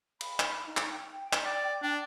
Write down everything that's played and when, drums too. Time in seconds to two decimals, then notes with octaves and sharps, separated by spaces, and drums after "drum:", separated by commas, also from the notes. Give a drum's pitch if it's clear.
0.21 B5, drum: cymbal
0.40 drum: clap
0.66 D#4
0.77 drum: clap
0.91 G5
1.33 drum: clap
1.44 D5
1.83 D4